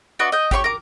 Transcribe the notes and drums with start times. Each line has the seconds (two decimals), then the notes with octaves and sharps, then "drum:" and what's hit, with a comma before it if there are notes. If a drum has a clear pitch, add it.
0.19 D4 F#4 B4 D#5
0.32 D#5 G5
0.51 G4 C#5 C6 C#6, drum: kick
0.64 A#4 D6